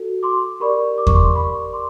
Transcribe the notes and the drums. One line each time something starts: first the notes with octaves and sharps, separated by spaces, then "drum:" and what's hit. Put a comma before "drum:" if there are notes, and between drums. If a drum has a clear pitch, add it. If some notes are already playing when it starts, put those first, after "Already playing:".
Already playing: F#4 A4
C6 D6
G4 A#4 D5 B5 C#6
D6
C#6, drum: kick E2
C6 D6
B5 C#6
C6 D6